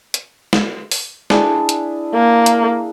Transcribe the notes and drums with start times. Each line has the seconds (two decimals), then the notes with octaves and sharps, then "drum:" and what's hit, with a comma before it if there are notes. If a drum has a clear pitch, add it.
0.14 drum: hi-hat
0.53 drum: snare
0.91 drum: open hi-hat
1.30 D4 E4 G#4, drum: snare
1.69 drum: hi-hat
2.14 A#3
2.46 drum: hi-hat